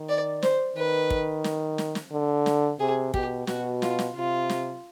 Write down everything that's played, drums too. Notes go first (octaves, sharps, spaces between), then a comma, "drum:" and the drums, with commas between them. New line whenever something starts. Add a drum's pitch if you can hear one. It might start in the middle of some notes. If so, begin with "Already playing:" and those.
Already playing: D#3
D5
C5, drum: snare
D#3 B4
drum: kick
drum: snare
drum: snare
drum: snare
D3
drum: snare
C3 G#4
B2 G4, drum: kick
B2 F#4, drum: snare
F4, drum: snare
drum: snare
C3 F4
drum: snare